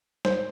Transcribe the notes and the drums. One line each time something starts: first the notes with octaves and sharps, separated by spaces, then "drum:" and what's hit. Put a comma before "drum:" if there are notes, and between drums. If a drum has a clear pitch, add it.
C5, drum: snare